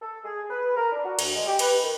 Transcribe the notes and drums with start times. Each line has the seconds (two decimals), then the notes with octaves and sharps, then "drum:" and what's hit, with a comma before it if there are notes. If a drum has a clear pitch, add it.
0.01 A4
0.25 G#4
0.50 B4
0.76 A#4
0.93 D4
1.05 F#4
1.19 D2, drum: cymbal
1.34 G#3
1.47 G4
1.59 B4, drum: cymbal
1.83 D#3